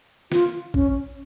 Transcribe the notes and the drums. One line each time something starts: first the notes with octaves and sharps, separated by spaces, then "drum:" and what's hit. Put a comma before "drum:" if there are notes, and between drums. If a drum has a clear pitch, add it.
F4, drum: snare
C#4, drum: kick A#1